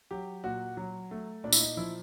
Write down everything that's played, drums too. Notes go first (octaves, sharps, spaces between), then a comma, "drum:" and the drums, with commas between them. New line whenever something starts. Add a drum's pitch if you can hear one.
F#3 G4
A#2 F#4
F#3
A3
A#2 D4
E4, drum: tambourine
D#4
F3 E4